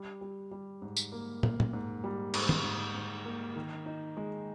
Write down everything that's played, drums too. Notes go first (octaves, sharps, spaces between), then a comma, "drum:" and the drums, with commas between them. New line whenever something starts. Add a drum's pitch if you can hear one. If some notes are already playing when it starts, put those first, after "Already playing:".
Already playing: G3
G3
G3
G#2
drum: tambourine
A#3
A#3, drum: tom
drum: tom
G#2
G3
G#2, drum: cymbal
drum: tom
G#2
G#2
A#3
D#3
D#4
G#3